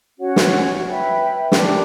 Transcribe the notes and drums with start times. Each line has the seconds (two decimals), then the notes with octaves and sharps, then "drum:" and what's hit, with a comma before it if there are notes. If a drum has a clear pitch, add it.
0.18 C#4 F#4 C#5 F#5
0.36 drum: snare
0.85 B4 E5 G5 B5
1.52 D4 G4 A#4, drum: snare